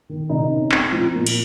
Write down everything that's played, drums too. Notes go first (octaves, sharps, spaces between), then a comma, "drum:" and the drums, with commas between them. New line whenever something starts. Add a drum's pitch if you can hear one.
D#3
C3 D#4
C#4
C4, drum: clap
F3
A#2
drum: cymbal